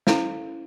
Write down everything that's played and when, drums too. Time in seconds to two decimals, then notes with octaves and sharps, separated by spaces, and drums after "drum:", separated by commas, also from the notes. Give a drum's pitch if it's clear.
0.07 C#4 E4 A4 C5 F5, drum: snare